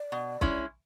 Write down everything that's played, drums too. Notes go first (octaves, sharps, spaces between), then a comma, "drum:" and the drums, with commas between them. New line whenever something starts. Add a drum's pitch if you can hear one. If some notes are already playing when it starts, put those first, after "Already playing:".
Already playing: D5
B2
G#3 C#4 E4, drum: kick